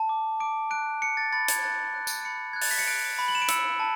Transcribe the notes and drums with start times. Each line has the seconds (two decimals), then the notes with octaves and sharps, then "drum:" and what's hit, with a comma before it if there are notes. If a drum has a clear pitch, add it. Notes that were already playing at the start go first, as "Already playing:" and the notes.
Already playing: A5
0.09 D6
0.40 D6 D7
0.71 F#6 D7
1.02 F#6 C#7
1.17 A6
1.32 B5 A6
1.48 G#6, drum: hi-hat
1.64 F#6 A6
1.94 F#6
2.07 drum: tambourine
2.25 B5 C#7
2.53 F#6 G#6
2.62 A6, drum: open hi-hat
2.71 B6
2.79 C#7
2.87 F#6 D7
3.19 B5
3.28 F#7
3.35 E7
3.42 D7
3.49 E6 C#7, drum: hi-hat
3.80 A5